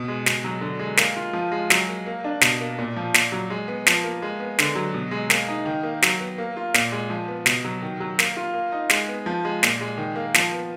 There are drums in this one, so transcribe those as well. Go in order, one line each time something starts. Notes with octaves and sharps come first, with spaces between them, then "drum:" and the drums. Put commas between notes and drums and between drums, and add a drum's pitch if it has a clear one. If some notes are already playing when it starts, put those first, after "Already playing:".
Already playing: B2
G#3
B2, drum: snare
F#3
D3
G#3
A#3, drum: snare
F4
F3
G#3
F#3, drum: snare
A#3
A#3
D4
B2, drum: snare
A#3
A#2
F3
A#2, drum: snare
F#3
G#3
B3
F3, drum: snare
A#3
G#3
B3
D3, drum: snare
F#3
B2
G#3
A#3, drum: snare
D#4
D#3
A#3
F#3, drum: snare
B3
A#3
F4
A#2, drum: snare
G#3
F3
B3
B2, drum: snare
F#3
D#3
F#3
A#3, drum: snare
F4
A#3
D#4
G#3, drum: snare
B3
F3
G#3
A#2, drum: snare
G#3
D#3
A#3
F3, drum: snare
B3